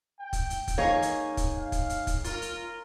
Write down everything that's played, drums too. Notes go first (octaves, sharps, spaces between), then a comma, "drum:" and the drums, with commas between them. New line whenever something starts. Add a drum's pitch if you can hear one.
G5
drum: kick, hi-hat
drum: hi-hat
drum: kick, hi-hat
A#3 C#4 D#4 G#4 C#5
drum: hi-hat
drum: kick, hi-hat
F5
drum: kick, hi-hat
drum: hi-hat
drum: kick, hi-hat
F4 A#4, drum: hi-hat
drum: hi-hat